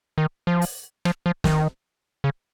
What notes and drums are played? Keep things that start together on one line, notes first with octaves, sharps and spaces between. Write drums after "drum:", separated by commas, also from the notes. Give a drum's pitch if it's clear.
D#3
F3
drum: open hi-hat
F3, drum: rim click
F3
D#3, drum: snare
C#3